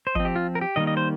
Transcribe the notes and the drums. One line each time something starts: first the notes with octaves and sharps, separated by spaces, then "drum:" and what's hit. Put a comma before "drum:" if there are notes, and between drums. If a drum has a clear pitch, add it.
C5
F3 C4 D#5, drum: kick
G4
F4
A#4
G4
D#3 G3 A#3 D#5
D#5
C5